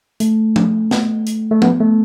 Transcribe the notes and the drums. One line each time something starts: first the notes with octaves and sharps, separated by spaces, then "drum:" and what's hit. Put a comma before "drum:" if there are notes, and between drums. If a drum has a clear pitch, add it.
A3, drum: hi-hat
drum: tom F3
drum: snare
drum: hi-hat
A3
B3, drum: tom F3
A3